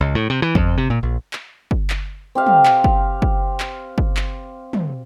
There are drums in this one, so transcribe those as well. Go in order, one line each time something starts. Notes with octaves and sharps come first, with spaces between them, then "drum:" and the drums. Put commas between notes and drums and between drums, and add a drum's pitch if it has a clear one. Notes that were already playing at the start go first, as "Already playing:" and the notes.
C#2
A2
C3
E3
F2, drum: kick
C3
A#2
A#1
drum: clap
drum: kick
drum: clap
C4 G4 F5
drum: tom
drum: clap
drum: kick
drum: kick
drum: clap
drum: kick
drum: clap
drum: tom